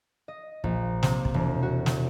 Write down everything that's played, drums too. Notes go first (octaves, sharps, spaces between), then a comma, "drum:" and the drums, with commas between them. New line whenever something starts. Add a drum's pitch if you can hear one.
D#5
A#1, drum: kick
C3, drum: snare
drum: kick
E1
F#4
drum: snare